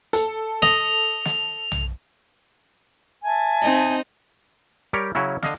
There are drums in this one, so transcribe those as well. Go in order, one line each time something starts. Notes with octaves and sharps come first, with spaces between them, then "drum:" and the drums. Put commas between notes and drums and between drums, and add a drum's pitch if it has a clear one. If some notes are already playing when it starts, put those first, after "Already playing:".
A4, drum: hi-hat
D#5 F7, drum: snare
drum: snare
drum: tom B1
E5 G#5 A5
C4 D#4 D#5
G3 G4 A#4 C#5
C#3 F#3 C#4 E4
D3 D#5 F5, drum: snare